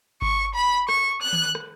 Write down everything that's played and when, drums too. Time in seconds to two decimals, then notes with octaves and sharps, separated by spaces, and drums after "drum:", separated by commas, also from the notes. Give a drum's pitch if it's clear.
0.22 C#6, drum: kick G#1
0.54 B5
0.89 C#6, drum: rim click
1.22 F#6
1.33 drum: tom D#3
1.55 drum: rim click